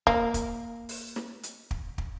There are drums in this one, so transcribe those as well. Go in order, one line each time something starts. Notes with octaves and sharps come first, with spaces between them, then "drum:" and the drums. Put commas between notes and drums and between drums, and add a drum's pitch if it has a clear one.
A#3, drum: kick
drum: kick, hi-hat
drum: open hi-hat
drum: snare
drum: hi-hat
drum: kick
drum: kick